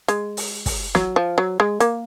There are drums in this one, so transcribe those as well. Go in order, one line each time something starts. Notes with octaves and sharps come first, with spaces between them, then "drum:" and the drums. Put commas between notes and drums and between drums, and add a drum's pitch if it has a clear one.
G#3, drum: hi-hat
drum: open hi-hat
drum: kick, open hi-hat
F#3, drum: snare
F3
F#3
G#3
A#3, drum: hi-hat